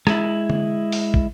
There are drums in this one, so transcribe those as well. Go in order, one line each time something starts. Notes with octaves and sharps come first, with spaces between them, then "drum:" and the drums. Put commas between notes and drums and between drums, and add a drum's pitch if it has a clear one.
G#3 E4, drum: rim click
drum: tom
drum: open hi-hat
drum: kick